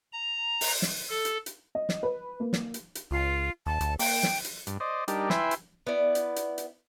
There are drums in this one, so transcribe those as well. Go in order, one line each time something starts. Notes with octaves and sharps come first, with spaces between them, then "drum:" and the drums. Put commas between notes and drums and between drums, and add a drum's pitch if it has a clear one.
A#5
drum: open hi-hat
drum: snare
A4
drum: hi-hat
drum: hi-hat
D#5
drum: snare
B4
A#3
drum: snare
drum: hi-hat
drum: hi-hat
C#2 F4
D#2 A5
D2, drum: hi-hat
A#3 G5, drum: open hi-hat
drum: snare
drum: hi-hat
G2, drum: hi-hat
C5 D5 D#5
G3 D4 D#4 G4 A#4, drum: hi-hat
E4 B4 E5 G5 G#5 C6, drum: snare
drum: hi-hat
B3 E4 D5
drum: hi-hat
drum: hi-hat
drum: hi-hat